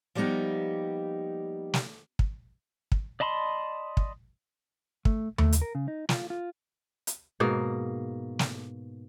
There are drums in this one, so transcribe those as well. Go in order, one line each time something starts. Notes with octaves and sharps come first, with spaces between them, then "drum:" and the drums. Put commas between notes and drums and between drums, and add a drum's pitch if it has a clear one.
F3 G3 A#3 B3 D#4 G4
drum: snare
drum: kick
drum: kick
D5 D#5 A5 B5 C6
drum: kick
A3, drum: kick
A3, drum: tom D#2
drum: hi-hat
A#4
C#3
D#4
F4, drum: snare
F4
drum: hi-hat
G#2 B2 A#3
drum: snare